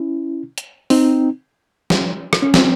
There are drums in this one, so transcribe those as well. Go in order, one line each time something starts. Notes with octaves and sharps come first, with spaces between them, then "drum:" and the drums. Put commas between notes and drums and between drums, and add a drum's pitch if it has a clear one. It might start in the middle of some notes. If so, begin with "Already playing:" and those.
Already playing: C#4 E4
drum: hi-hat
C4 D#4, drum: open hi-hat
drum: snare
drum: rim click
C#4
C4, drum: snare